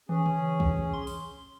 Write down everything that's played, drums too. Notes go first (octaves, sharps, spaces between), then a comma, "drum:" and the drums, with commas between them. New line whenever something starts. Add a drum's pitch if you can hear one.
E3 C#4 G#4
drum: tom C#3
drum: kick
C6
drum: open hi-hat